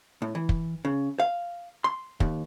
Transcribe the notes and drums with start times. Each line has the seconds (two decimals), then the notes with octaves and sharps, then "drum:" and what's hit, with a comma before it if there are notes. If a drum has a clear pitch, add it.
0.22 A2
0.35 E3
0.49 drum: kick
0.85 C#3
1.20 F5
1.84 C6
2.20 D#2, drum: kick